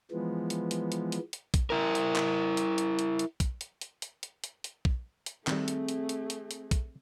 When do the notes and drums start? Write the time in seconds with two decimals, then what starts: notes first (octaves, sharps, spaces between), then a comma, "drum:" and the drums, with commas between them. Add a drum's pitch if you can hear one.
0.11 E3 F3 G#3 B3
0.50 drum: hi-hat
0.71 drum: hi-hat
0.92 drum: hi-hat
1.12 drum: hi-hat
1.33 drum: hi-hat
1.54 drum: kick, hi-hat
1.70 E4 A#4
1.95 drum: hi-hat
2.16 drum: clap
2.57 drum: hi-hat
2.78 drum: hi-hat
2.99 drum: hi-hat
3.19 drum: hi-hat
3.40 drum: kick, hi-hat
3.61 drum: hi-hat
3.81 drum: hi-hat
4.02 drum: hi-hat
4.23 drum: hi-hat
4.44 drum: hi-hat
4.64 drum: hi-hat
4.85 drum: kick
5.26 drum: hi-hat
5.47 D#3 G3 A3 C4 G#4, drum: clap
5.68 drum: hi-hat
5.89 drum: hi-hat
6.09 drum: hi-hat
6.30 drum: hi-hat
6.51 drum: hi-hat
6.71 drum: kick, hi-hat